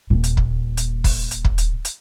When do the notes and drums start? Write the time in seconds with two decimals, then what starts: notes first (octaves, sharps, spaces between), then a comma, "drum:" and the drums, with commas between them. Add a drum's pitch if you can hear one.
0.10 D#1 A#2
0.24 drum: hi-hat
0.37 drum: kick
0.77 drum: hi-hat
1.04 drum: kick, open hi-hat
1.31 drum: hi-hat
1.45 drum: kick
1.58 drum: hi-hat
1.85 drum: hi-hat